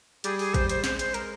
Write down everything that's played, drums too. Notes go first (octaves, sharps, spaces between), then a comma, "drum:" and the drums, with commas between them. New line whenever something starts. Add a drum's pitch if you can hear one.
G3 G#4, drum: hi-hat
G#4, drum: open hi-hat
C5, drum: kick, hi-hat
C5, drum: hi-hat
G#3 C5, drum: snare
C5, drum: hi-hat
A#4, drum: hi-hat